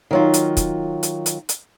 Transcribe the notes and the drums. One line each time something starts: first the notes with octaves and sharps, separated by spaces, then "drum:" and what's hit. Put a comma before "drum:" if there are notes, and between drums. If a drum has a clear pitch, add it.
D#3 F#3 F4
drum: hi-hat
drum: kick, hi-hat
drum: hi-hat
drum: hi-hat
drum: hi-hat